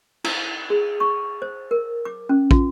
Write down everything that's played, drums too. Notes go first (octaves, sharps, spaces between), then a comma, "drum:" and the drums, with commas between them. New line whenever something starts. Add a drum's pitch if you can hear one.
E4, drum: cymbal
G#4
C#6
C5
A#4
D6
C#4
F4, drum: kick